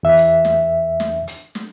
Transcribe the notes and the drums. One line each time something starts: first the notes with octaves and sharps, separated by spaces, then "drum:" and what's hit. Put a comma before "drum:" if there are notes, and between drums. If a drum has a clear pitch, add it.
E2 E5
drum: hi-hat
drum: snare
drum: snare
drum: hi-hat
drum: snare